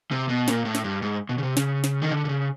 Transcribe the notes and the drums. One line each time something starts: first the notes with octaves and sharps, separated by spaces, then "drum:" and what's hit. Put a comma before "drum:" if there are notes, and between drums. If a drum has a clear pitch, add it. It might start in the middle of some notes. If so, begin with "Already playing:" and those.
C3
B2
A#2, drum: snare
A2
drum: snare
G2
G#2
B2
C#3
C3
C#3, drum: snare
drum: snare
D#3
D3
D3
C#3